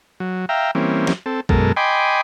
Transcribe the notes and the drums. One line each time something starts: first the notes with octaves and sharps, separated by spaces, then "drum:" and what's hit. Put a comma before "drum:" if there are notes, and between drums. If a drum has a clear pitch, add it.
F#3
E5 F5 G5 A#5
E3 G3 A#3 C4 C#4
drum: snare
C4 A4
F#2 B2 G#3 A4 A#4, drum: kick A#1
D#5 G5 G#5 B5 C6 D6